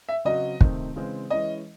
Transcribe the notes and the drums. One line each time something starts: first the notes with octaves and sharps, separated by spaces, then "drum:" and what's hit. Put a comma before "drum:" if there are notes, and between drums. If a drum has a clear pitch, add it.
E5
C#3 F#3 C4 F#4 D#5
C3 D#3 A3 C4 D#4, drum: kick
C#3 E3 G#3 C4
E3 G#3 C#4 E4 D#5